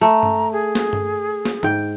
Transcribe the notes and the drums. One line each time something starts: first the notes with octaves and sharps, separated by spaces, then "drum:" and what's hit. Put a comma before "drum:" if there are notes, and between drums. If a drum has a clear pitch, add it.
A3 A#5
drum: tom G2
G#4
drum: snare
drum: tom G2
drum: snare
G#2 G5, drum: tom